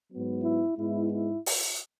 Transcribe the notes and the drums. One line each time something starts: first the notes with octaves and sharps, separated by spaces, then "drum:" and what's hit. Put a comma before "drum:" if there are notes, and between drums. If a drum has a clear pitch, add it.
G#2 F#3 B3
E4
G#2 G#3 B3 E4
E4
drum: open hi-hat